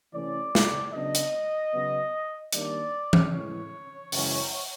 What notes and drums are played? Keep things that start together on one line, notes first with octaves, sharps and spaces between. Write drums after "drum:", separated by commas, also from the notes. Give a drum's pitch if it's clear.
C3 E3 A3 C#4 D5
drum: snare
C#3 F#3 B3 D4 D#5
drum: hi-hat
C#3 F#3 B3
D#3 G3 A#3 D4 D5, drum: hi-hat
drum: tom E3
A2 E3 G#3 C#5
F#2 C#3 E3 G#3 C#4, drum: open hi-hat